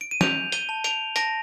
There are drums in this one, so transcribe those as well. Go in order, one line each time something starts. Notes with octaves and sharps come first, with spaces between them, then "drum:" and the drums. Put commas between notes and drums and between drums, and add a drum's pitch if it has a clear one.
D7
D#7
G6 D7 F7, drum: snare
D#7 G7, drum: hi-hat
A5
D7 F7, drum: hi-hat
A5 A#6 D7, drum: hi-hat